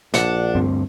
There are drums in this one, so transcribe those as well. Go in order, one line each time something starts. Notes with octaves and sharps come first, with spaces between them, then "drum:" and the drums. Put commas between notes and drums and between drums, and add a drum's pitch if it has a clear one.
A#1 D4 F#5, drum: snare
D2 G2 C4